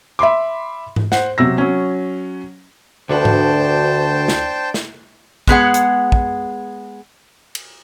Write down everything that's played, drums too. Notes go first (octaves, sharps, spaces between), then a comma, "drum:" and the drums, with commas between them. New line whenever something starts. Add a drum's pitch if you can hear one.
E5 B5 C6 D6
drum: tom G#2
C5 F#5, drum: snare
C3 F#3 E6 A#6
F#3 C#4
D2 D3 D4 F#4 B4 C5 G5 A5
drum: tom G#2
drum: snare
drum: snare
G#3 B3 G#4 F#5, drum: kick
drum: hi-hat
drum: kick
drum: cymbal